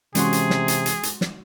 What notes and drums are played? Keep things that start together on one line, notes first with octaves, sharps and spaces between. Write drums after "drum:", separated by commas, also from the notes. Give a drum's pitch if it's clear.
C3 E3 G#3 C#4 F#4 G#4 C6, drum: hi-hat
drum: hi-hat
drum: snare
drum: hi-hat
drum: hi-hat
drum: hi-hat
drum: snare